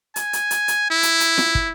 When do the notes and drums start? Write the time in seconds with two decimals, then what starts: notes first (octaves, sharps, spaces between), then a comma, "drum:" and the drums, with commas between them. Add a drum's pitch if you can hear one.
0.16 G#5, drum: hi-hat
0.33 drum: hi-hat
0.51 drum: hi-hat
0.68 drum: hi-hat
0.90 E4
1.03 drum: hi-hat
1.20 drum: hi-hat
1.38 drum: snare
1.55 drum: kick